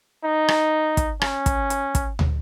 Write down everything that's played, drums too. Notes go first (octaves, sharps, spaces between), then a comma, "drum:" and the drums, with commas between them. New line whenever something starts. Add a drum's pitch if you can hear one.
D#4
drum: rim click
drum: kick, hi-hat
C#4, drum: rim click
drum: kick, hi-hat
drum: hi-hat
drum: kick, hi-hat
drum: tom